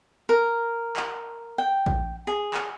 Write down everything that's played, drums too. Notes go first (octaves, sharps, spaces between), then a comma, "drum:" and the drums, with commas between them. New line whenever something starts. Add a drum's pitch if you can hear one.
A#4
drum: clap
G5
drum: kick A#1
G#4
drum: clap